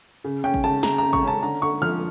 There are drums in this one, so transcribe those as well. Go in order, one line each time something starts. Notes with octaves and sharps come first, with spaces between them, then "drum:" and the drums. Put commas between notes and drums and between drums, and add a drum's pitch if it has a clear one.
C#3
C#4 G5
drum: kick
C#3 A5
C#3 A#5, drum: snare
C#3 A#5
C#6, drum: kick
C#4 A5
D3 A#5
D3 C#6
F3 F6